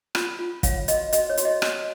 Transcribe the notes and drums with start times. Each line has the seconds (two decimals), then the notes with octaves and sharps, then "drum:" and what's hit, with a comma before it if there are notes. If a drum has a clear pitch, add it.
0.15 F4, drum: rim click
0.39 F4
0.63 C#5 F5, drum: kick, hi-hat
0.88 F#4 D#5, drum: hi-hat
1.13 F#4 D#5, drum: hi-hat
1.30 C#5
1.37 F#4, drum: hi-hat
1.45 D#5
1.62 F#4, drum: rim click